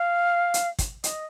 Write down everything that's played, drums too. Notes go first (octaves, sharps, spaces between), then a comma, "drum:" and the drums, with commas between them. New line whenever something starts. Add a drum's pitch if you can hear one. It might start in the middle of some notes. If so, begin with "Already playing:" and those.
Already playing: F5
drum: hi-hat
drum: kick, hi-hat
D#5, drum: hi-hat